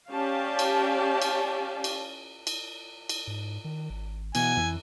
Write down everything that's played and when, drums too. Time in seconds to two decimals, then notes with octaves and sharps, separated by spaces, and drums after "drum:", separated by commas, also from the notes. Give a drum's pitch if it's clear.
0.11 C#4 G4 D5 F5 A5
0.59 drum: cymbal
1.22 drum: cymbal
1.84 drum: cymbal
2.47 drum: cymbal
3.09 drum: cymbal
3.27 G#2
3.64 D#3
3.90 G#1
4.35 B2 E3 B3 G#5, drum: cymbal
4.57 F2 E3